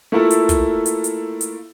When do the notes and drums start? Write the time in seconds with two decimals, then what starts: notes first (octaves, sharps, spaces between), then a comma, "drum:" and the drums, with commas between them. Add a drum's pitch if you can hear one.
0.12 A3 A#3 E4 F4 A4
0.30 drum: hi-hat
0.49 drum: kick, hi-hat
0.86 drum: hi-hat
1.04 drum: hi-hat
1.41 drum: hi-hat